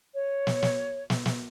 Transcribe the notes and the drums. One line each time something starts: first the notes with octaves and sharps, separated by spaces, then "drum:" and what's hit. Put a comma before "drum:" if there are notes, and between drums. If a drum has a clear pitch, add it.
C#5
drum: snare
drum: snare
drum: snare
drum: snare